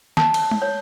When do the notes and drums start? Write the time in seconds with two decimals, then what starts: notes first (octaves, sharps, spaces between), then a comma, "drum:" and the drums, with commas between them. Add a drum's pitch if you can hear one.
0.17 A5, drum: snare
0.34 drum: cymbal
0.51 drum: tom G#3
0.62 C#5